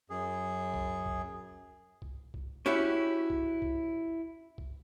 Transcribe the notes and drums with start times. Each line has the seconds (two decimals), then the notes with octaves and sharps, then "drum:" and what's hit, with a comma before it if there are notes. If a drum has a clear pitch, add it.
0.10 F#2 G#4
0.74 drum: kick C2
1.06 drum: kick C2
2.02 drum: kick C2
2.34 drum: kick C2
2.66 C#4 E4 F#4 G4 C#5
3.30 drum: kick C2
3.62 drum: kick C2
4.58 drum: kick C2